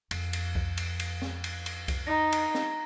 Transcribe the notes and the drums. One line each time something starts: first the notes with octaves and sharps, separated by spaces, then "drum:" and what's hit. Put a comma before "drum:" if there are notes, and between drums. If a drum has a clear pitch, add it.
F2, drum: cymbal
drum: cymbal
drum: kick C2
drum: cymbal
drum: cymbal
drum: snare
drum: cymbal
drum: cymbal
drum: kick C2, cymbal
D#4 A#5 A#6
drum: cymbal
drum: snare